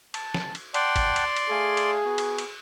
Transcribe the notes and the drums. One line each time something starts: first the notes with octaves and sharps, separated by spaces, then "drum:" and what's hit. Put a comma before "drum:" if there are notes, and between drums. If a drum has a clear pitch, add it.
A5, drum: cymbal
drum: snare
drum: cymbal
D5 F#5 G5 A5 C6, drum: cymbal
drum: kick, cymbal
drum: cymbal
drum: cymbal
A3 G#4 F5 G#5
drum: cymbal
B3 F#4
drum: cymbal
drum: cymbal